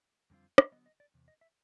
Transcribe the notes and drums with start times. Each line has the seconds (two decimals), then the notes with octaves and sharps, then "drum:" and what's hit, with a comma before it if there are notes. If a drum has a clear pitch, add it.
0.30 F2 D3 G3 C4 F4
0.58 drum: rim click
0.72 D3 F#3 B3 D#5
0.86 D#5
1.00 D5
1.14 E2 C3
1.28 D#5
1.41 E5